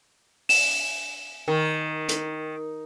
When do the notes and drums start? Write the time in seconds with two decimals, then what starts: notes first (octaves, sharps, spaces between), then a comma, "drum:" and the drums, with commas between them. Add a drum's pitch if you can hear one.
0.49 E7, drum: open hi-hat
1.48 D#3
2.09 drum: hi-hat